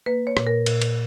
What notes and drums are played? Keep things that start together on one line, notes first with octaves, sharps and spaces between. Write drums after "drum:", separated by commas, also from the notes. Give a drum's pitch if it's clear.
A#3 B4
C#5
A#2, drum: rim click
A#4
A#2, drum: cymbal
drum: cymbal